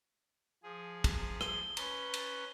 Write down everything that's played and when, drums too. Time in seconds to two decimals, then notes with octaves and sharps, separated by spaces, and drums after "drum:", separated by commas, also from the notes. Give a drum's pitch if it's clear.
0.63 F3 G#4
1.04 drum: kick, cymbal
1.41 G7, drum: rim click
1.77 C#4 B4, drum: cymbal
2.14 drum: cymbal